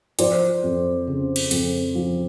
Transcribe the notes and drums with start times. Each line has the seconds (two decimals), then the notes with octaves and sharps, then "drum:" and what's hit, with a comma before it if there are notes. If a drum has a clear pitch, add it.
0.19 F3 C5 D5, drum: hi-hat
0.63 F2
1.07 C#3
1.36 drum: cymbal
1.51 F2, drum: hi-hat
1.95 F3